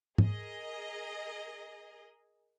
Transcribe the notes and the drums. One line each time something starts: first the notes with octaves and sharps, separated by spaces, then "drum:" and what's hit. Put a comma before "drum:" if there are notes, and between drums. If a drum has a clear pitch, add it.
G#4 A#4 D#5, drum: tom G#2